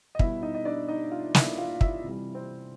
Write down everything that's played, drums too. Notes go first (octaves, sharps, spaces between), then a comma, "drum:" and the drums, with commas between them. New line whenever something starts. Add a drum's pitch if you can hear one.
D#5
B2 G3 E4 E5, drum: kick
D#4 D#5
D#5
D4 D5
D#4 D#5
F4 F5
E4 E5, drum: snare
F4 F5
F5
E4 E5, drum: kick
C3 E3 G3
C4 C5